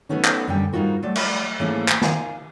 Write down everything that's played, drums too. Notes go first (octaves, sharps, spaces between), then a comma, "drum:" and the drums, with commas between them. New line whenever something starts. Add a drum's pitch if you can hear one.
F#3 A3 B3 C#4 D#4
drum: clap
F#2 D3 G3 C#4 G5
G#2 G3 D#4 F4 F#4 A#4
F3 F#3 A3 D5
drum: cymbal
G#2 E3 A3 A#3 C#4 G#4
drum: clap
D#3 F5 G#5, drum: snare